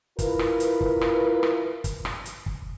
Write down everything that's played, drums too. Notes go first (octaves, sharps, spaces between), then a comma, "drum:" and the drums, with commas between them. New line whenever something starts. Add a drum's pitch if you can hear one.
E4 F4 A#4 B4, drum: kick, hi-hat
drum: rim click
drum: hi-hat
drum: kick
drum: rim click
drum: rim click
drum: kick, hi-hat
drum: rim click
drum: hi-hat
drum: kick